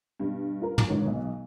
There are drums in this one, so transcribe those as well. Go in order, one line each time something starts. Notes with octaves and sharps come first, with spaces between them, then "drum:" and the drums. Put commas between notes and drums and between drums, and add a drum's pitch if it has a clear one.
G2 B2
F4 A#4
drum: tom
G#1 G#2 D3 E3 F#4 C#5
B1 B2